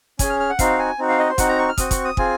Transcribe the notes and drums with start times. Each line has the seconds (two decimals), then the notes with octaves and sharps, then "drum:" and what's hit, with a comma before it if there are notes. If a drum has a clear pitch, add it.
0.19 C#4 G#4 G#5, drum: kick, hi-hat
0.30 F6
0.40 F6
0.50 F#5
0.59 C4 D#4 F#4 F5, drum: kick, hi-hat
0.79 G#5
0.99 C4 D#4 F#4
1.09 F5
1.19 D#5
1.29 C5
1.38 C4 D#4 F#4 F#5, drum: kick, hi-hat
1.49 A#5
1.58 C#6
1.69 F6
1.78 C4 F#4 D#6, drum: kick, hi-hat
1.91 C#6, drum: kick, hi-hat
2.05 D#6
2.17 C4 F4 G#4 G#5, drum: kick